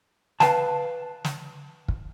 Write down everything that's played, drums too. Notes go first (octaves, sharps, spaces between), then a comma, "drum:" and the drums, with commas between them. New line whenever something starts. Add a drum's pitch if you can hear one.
B4 F5 G5 A5, drum: snare
drum: snare
drum: kick